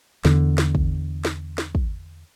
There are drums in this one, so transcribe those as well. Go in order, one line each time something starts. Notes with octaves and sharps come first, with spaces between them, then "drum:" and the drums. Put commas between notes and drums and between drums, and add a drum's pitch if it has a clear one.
E2 D3, drum: snare
drum: snare
drum: kick
drum: snare
drum: snare
drum: kick